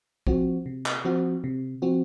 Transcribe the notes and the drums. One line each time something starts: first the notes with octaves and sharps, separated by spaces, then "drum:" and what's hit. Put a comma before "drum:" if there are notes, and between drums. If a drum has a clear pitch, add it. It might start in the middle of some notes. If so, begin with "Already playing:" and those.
F3 C4 F#4, drum: kick A1
C3
drum: clap
F3 C4 F#4
C3
F3 C4 F#4